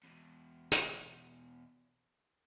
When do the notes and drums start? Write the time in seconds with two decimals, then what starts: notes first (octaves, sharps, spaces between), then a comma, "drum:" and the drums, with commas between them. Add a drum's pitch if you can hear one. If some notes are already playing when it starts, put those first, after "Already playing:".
0.03 E2 B2
0.72 drum: tambourine